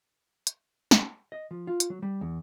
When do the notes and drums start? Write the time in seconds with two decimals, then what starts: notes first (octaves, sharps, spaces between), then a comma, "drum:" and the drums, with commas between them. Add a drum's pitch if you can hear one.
0.47 drum: hi-hat
0.91 drum: snare
1.32 D#5
1.51 F3
1.67 F4
1.80 drum: hi-hat
1.90 F#3
2.02 G3
2.21 E2